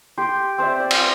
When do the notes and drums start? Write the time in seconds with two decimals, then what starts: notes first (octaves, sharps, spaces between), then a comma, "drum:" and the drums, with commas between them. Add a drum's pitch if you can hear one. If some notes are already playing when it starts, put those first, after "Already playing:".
0.18 G4 G5 C6
0.58 C4 C5 D5 E5
0.80 D5
0.91 drum: cymbal